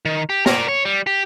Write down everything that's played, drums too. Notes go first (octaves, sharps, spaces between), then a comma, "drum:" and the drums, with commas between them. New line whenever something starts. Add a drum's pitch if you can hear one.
D#3
G4
A#4 D5, drum: snare
C#5
G3
G4